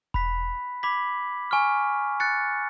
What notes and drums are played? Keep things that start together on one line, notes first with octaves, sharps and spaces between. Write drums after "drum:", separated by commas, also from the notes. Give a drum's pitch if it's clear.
B5 F#6 B6, drum: kick E1
B5 D6 G#6 B6 F#7
G#5 C#6 F6
F#6 A6 C#7